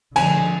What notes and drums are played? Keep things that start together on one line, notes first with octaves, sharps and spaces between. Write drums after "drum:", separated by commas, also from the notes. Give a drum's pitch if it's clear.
D3 F3 G#3 G#5, drum: cymbal